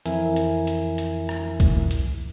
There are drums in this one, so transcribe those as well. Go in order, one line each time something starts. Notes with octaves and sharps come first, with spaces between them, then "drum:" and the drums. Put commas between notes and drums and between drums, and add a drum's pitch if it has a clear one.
F2 E3 E4 A#4 E5 G#5, drum: hi-hat
drum: hi-hat
drum: hi-hat
drum: hi-hat
drum: rim click
drum: kick, hi-hat
drum: hi-hat